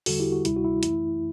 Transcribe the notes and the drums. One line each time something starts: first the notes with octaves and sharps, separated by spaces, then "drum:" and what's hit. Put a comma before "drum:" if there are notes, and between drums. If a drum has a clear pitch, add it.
E2 D3 G3 F#4 A4, drum: open hi-hat
E4 G4
F#4
D2 C3 G3 E4, drum: hi-hat
F#4
E4
F#2 E3 A3 E4, drum: hi-hat